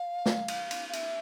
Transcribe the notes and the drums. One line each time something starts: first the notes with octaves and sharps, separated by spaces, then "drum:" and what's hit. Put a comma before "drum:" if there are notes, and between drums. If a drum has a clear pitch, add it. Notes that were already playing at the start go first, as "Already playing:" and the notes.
Already playing: F5
drum: snare
drum: cymbal
drum: cymbal
F5
E5, drum: cymbal